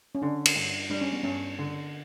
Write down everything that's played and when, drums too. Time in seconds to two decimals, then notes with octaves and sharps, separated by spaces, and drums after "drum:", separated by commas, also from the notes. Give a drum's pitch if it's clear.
0.15 C#4
0.22 D3 D4
0.45 drum: cymbal
0.56 G2
0.90 G3 D4
1.01 C#4
1.13 B3
1.24 G2 C#4
1.59 D3